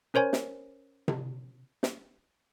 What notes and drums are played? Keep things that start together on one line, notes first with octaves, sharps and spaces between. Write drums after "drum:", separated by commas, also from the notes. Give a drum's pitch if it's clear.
C#4 A#4 C5 C#5 G#5
drum: snare
drum: tom C3
drum: snare